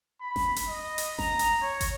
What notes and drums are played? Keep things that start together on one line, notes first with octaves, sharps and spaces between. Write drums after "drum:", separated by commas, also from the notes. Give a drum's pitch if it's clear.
B5
drum: snare G1
drum: hi-hat
D#5
drum: hi-hat
A#5, drum: snare G1
drum: hi-hat
C#5
drum: kick, hi-hat